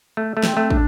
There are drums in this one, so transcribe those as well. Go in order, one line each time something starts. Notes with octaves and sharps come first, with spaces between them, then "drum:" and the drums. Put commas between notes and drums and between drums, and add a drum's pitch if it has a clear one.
A3
A3
C4, drum: snare
A3
D4, drum: kick